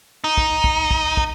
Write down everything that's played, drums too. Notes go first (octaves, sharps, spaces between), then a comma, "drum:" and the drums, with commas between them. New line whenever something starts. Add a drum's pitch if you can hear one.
D#4
drum: kick
drum: kick
drum: kick
drum: kick